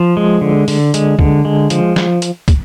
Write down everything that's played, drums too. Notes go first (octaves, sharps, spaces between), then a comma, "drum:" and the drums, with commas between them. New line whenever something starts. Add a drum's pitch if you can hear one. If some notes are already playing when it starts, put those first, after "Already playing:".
Already playing: F3
G#3
D3
D3, drum: open hi-hat
G#3, drum: hi-hat
D3, drum: kick
G#3
F3, drum: hi-hat
drum: snare
drum: hi-hat
drum: kick, hi-hat